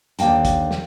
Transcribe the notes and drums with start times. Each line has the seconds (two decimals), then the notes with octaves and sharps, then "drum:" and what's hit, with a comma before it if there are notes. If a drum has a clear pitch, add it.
0.19 D#2 D3 A#3 G5 A5, drum: hi-hat
0.45 drum: kick, hi-hat
0.71 drum: snare